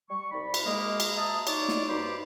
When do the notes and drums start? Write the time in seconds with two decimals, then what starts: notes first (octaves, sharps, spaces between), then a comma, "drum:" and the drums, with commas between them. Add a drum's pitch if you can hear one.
0.10 G3 C#6
0.31 C2 D#4 D5 B5
0.54 drum: cymbal
0.66 G#3 A#3 D#5
1.00 drum: cymbal
1.15 D#5 E5 A5 A#5 D#6
1.47 D#4 C#5 D5, drum: cymbal
1.68 drum: snare
1.88 G2 D#4 F#4 C5 B5 D6